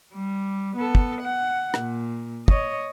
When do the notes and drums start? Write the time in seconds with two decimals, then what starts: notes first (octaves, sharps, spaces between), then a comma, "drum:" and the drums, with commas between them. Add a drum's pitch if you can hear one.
0.14 G3
0.76 B3 A4
0.95 drum: kick
1.21 F#5
1.74 A#2, drum: rim click
2.48 C#5 D#5, drum: kick